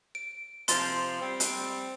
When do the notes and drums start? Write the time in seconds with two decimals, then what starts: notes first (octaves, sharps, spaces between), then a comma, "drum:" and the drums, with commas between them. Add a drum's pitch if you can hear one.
0.15 D7
0.68 C3 F3 C6 A6, drum: hi-hat
1.19 G3 C4
1.40 drum: hi-hat